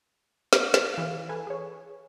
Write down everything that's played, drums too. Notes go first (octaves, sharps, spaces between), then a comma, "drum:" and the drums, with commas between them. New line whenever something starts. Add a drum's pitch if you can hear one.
drum: snare
drum: snare
E3 F5
A4 B4 G#5
G#4 C#5